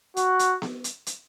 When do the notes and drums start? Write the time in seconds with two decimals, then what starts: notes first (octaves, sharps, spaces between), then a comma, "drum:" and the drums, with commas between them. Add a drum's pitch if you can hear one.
0.17 F#4, drum: hi-hat
0.39 drum: hi-hat
0.62 drum: snare B3
0.84 drum: hi-hat
1.06 drum: hi-hat